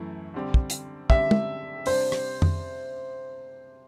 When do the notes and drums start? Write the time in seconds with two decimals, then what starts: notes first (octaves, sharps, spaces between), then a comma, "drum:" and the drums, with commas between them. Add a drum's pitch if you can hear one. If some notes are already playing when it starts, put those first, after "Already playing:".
Already playing: F#2 E3 A3 E4
0.34 D3 G3 C4 G4
0.54 drum: kick
0.70 drum: hi-hat
1.10 D3 G3 C4 G4 E5, drum: kick
1.31 drum: tom
1.86 C3 G3 D4 C5, drum: open hi-hat
2.12 drum: rim click
2.42 drum: tom F2